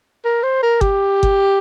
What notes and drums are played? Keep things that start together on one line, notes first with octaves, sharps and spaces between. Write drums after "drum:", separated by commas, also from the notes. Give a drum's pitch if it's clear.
A#4
C5
A#4
G4, drum: kick G1
drum: kick G1